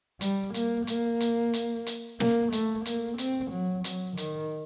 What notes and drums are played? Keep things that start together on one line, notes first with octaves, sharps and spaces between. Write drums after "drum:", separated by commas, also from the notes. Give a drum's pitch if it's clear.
G3, drum: hi-hat
A#3, drum: hi-hat
A#3, drum: hi-hat
drum: hi-hat
drum: hi-hat
drum: hi-hat
A#3, drum: snare
A3, drum: hi-hat
A#3, drum: hi-hat
C4, drum: hi-hat
F#3
F#3, drum: hi-hat
D#3, drum: hi-hat